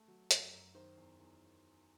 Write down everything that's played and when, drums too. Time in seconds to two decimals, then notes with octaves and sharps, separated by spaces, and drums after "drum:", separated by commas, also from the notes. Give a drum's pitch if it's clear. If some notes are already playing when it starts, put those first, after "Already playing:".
Already playing: A3
0.08 F#3
0.31 F#2, drum: hi-hat
0.52 F#2
0.74 D#3 C5
0.97 E2
1.19 E2